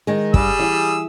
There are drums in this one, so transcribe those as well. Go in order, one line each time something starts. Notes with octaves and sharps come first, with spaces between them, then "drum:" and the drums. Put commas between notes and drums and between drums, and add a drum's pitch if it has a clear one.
D#3 G#3
G2 G3 G#4 E6, drum: kick
E3 E5 F5